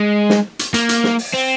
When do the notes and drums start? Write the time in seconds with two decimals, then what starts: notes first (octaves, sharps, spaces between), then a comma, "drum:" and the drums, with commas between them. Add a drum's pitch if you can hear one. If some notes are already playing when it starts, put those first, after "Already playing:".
Already playing: G#3
0.30 drum: snare
0.59 drum: hi-hat
0.74 A#3, drum: hi-hat
0.89 drum: hi-hat
1.04 drum: snare
1.19 drum: open hi-hat
1.33 C4